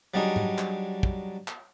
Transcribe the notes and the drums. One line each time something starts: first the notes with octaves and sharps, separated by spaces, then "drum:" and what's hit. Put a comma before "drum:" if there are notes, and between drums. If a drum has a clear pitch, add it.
F#3 G3 D4 D#4 G#4
drum: tom G#2
drum: clap
drum: kick
drum: clap